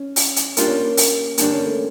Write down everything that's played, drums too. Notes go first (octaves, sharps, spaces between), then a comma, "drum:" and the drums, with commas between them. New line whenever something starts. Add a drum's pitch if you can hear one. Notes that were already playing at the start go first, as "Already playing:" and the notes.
Already playing: C#4
drum: open hi-hat
drum: hi-hat
G3 A#3 D4 F4 A#4, drum: hi-hat
C#4
A#3
drum: open hi-hat
G2 D3 G3 A#3 D4, drum: hi-hat
C#4
A3